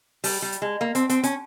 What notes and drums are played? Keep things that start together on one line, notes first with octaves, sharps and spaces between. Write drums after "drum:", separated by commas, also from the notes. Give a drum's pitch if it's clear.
G3, drum: open hi-hat
G3
drum: hi-hat
G#3
A#3
C4, drum: hi-hat
C4, drum: hi-hat
C#4, drum: hi-hat